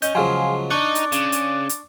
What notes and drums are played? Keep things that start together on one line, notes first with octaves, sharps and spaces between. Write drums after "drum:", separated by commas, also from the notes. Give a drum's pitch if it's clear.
C#4 D#5 G6, drum: hi-hat
C#2 F3 F#3 G#4 F5 G#5 C6
D4 D#4 D5 C#6 F#6
drum: hi-hat
C#3, drum: hi-hat
drum: hi-hat
drum: hi-hat